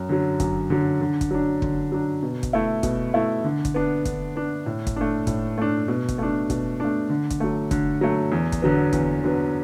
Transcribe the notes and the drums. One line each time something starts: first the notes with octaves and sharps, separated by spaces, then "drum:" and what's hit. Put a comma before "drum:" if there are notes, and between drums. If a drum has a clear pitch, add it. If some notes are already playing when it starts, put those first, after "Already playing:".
Already playing: F#2
D3 F#3
F#2, drum: kick, hi-hat
D3 F#3
D3
drum: kick, hi-hat
F#3 D4
D3, drum: kick
F#3 D4
B2
drum: kick, hi-hat
A3 E4
B2, drum: kick, hi-hat
A3 E4
D3
drum: kick, hi-hat
B3 D4
D3, drum: kick, hi-hat
B3 D4
A2
drum: kick, hi-hat
A3 D4
A2, drum: kick, hi-hat
A3 D4
B2
drum: kick, hi-hat
A3 D4
B2, drum: kick, hi-hat
A3 D4
D3
drum: kick, hi-hat
F#3 A3
D3, drum: kick, hi-hat
F#3 A3
E2
drum: kick, hi-hat
D3 F#3 B3
E2, drum: kick, hi-hat
D3 F#3 B3